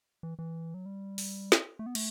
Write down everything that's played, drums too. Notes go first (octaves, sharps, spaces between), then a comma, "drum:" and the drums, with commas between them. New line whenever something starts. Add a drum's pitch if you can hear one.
E3
E3
F#3
G3
drum: open hi-hat
drum: snare
A3
B3
A3, drum: cymbal